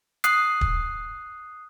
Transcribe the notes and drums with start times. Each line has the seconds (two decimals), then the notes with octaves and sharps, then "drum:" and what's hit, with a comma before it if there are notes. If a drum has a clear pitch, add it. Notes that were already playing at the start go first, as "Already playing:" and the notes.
0.24 D#6 F#6 C7, drum: hi-hat
0.61 drum: kick